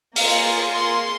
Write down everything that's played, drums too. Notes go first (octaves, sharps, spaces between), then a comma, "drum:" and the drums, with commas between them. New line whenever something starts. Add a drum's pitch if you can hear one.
A#3 F4 G#4 F5, drum: open hi-hat
C6